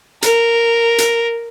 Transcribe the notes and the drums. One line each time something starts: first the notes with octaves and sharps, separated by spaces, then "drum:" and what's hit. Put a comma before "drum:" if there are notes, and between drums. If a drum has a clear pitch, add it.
A#4, drum: hi-hat
drum: hi-hat